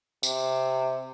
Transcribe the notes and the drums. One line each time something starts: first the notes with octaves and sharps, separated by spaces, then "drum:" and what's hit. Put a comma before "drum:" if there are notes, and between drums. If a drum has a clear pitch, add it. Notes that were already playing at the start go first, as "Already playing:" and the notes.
C3, drum: tambourine